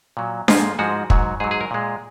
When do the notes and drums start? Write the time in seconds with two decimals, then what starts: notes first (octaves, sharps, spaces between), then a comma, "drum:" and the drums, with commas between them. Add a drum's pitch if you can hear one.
0.17 A#2 F#3
0.48 G#2 F3 G#3 F4, drum: snare D4
0.79 G#2 F3 G#3 F#4
1.10 G#2 F#3, drum: kick
1.40 G#2 F#3 G#4
1.51 G#4
1.61 A#4
1.71 A#2 G#3